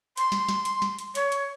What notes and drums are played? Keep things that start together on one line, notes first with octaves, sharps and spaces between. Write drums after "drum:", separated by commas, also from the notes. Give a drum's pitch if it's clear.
C6, drum: hi-hat
drum: snare
drum: snare
drum: hi-hat
drum: snare
drum: hi-hat
C#5, drum: hi-hat
drum: hi-hat